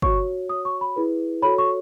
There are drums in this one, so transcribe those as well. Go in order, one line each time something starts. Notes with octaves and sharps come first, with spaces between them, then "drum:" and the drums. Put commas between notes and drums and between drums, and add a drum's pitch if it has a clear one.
F#4 C#5 C#6, drum: kick
F#4 C#5 D#6
C#6
B5
E4 G#4 B4
F#4 A4 C#5 B5
C#6